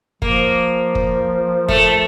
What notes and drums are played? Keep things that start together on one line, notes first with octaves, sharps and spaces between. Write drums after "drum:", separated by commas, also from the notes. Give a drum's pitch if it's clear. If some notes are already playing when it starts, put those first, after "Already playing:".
F3 A#3, drum: kick
drum: kick
A3, drum: kick